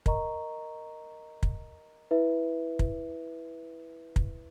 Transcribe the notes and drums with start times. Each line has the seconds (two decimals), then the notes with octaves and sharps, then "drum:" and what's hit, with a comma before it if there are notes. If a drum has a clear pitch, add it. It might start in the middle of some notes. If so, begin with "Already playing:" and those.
0.06 A#4 D#5 A#5 C#6, drum: kick
1.43 drum: kick
2.11 E4 B4 E5
2.79 drum: kick
4.16 drum: kick